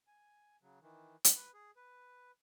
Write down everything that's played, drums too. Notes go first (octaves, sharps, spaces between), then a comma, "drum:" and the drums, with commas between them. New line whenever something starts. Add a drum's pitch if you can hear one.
G#5
C#3 F#3
D#3 E3
drum: hi-hat
B4
G#4
B4